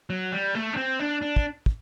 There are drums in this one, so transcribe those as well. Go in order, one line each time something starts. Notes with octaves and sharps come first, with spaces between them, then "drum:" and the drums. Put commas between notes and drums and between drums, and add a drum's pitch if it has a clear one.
F#3
G3
A3
D4
C4
D4
D4
drum: kick
drum: kick